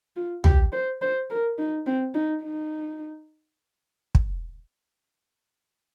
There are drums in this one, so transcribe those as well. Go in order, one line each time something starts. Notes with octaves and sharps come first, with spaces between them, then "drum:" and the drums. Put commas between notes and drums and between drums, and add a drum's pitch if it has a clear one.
F4
G4, drum: tom
C5
C5
A#4
D#4
C4
D#4
D#4
drum: kick